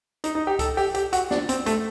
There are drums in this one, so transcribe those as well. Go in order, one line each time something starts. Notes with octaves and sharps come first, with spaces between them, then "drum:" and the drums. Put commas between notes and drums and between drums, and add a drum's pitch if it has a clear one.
D#4, drum: hi-hat
D#4
G4
A4, drum: kick C#2, hi-hat
G4, drum: open hi-hat
G4, drum: hi-hat
F#4, drum: hi-hat
D4, drum: snare
C4, drum: hi-hat
A3, drum: hi-hat